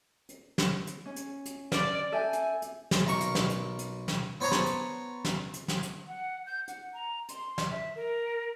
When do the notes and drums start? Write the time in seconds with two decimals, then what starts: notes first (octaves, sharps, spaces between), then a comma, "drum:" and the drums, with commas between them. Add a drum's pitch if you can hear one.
0.29 drum: hi-hat
0.58 drum: snare
0.87 drum: hi-hat
1.06 C#4
1.16 drum: hi-hat
1.46 drum: hi-hat
1.72 D5 F6, drum: snare
2.12 A4 E5 G5 G#5
2.33 drum: hi-hat
2.62 drum: hi-hat
2.91 drum: snare
3.06 B1 A#4 C#6
3.20 drum: hi-hat
3.35 drum: snare
3.50 drum: hi-hat
3.79 drum: hi-hat
4.08 drum: snare
4.40 B3 C5 C#5 A5 A#5 C6
4.52 drum: snare
4.66 drum: hi-hat
5.25 drum: snare
5.54 drum: hi-hat
5.68 drum: snare
5.83 drum: hi-hat
6.08 F#5
6.46 G6
6.68 F#5, drum: hi-hat
6.94 A#5
7.29 C6, drum: hi-hat
7.58 drum: snare
7.70 E5
7.96 A#4